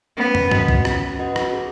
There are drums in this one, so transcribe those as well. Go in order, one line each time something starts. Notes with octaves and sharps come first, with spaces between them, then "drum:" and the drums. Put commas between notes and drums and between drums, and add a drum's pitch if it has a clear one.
B3 C#4
drum: tom
F#4 B4 D#5 F#5, drum: tom G2
drum: kick
C#4, drum: rim click
F#4 B4 D#5 F#5
drum: rim click
G#4